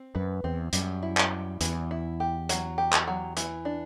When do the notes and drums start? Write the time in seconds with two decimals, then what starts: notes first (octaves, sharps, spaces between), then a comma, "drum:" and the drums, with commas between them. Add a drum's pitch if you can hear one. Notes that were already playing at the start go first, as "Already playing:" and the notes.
Already playing: C4
0.15 F#2 B4
0.44 E2 C4
0.73 F#2 G3, drum: hi-hat
1.03 E4
1.17 drum: clap
1.31 G3
1.61 E2 E3, drum: hi-hat
1.91 E4
2.20 G4
2.49 F#3, drum: hi-hat
2.78 G4
2.93 drum: clap
3.07 F#3
3.37 E3, drum: hi-hat
3.65 D4